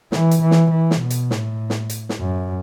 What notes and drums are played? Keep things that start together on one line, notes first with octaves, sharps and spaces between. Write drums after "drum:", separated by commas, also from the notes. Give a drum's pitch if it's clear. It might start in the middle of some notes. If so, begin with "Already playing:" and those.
E3, drum: snare
drum: hi-hat
E3
drum: snare
E3
drum: snare
B2
drum: hi-hat
A2, drum: snare
drum: snare
drum: hi-hat
drum: snare
F#2